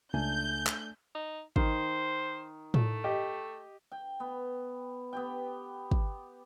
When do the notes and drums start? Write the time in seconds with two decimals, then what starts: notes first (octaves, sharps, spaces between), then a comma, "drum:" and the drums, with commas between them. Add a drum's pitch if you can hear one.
0.14 C#2 A3 D4 G#5 G6
0.66 drum: clap
1.15 D#4
1.56 D#3 C5, drum: kick
2.74 A3, drum: tom A2
3.04 G4 D#5
3.92 G5
4.20 B3
5.13 B3 G4 G5
5.91 drum: kick